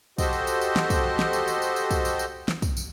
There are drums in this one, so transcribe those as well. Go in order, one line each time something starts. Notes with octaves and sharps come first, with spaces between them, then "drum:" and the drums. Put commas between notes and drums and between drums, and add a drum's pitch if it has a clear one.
F#4 G4 A4 C5 D#5, drum: kick, tambourine
drum: tambourine
drum: tambourine
drum: tambourine
drum: snare
drum: kick, tambourine
drum: snare
drum: tambourine
drum: tambourine
drum: tambourine
drum: tambourine
drum: kick, tambourine
drum: tambourine
drum: tambourine
drum: snare
drum: kick, tambourine
drum: tambourine